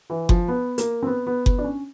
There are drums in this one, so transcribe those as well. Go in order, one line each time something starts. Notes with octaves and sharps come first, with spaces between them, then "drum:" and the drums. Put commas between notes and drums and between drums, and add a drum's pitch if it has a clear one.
E3
F3, drum: kick F#1
B3
A#3, drum: hi-hat
C4
B3
B3
B3, drum: kick F#1
D4
C#4